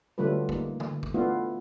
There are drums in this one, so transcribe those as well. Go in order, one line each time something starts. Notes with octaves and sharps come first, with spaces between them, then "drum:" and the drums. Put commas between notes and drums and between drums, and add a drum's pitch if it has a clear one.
D3 F#3 G3 A3 F4 B4
A#3 D#4, drum: kick
drum: tom D3
drum: kick
A3 B3 D4 E4 F4